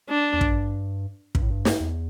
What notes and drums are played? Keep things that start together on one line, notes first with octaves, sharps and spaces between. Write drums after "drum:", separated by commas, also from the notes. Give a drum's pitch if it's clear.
D4
E2
G2, drum: kick
G2, drum: kick
A2
G2
drum: snare
E2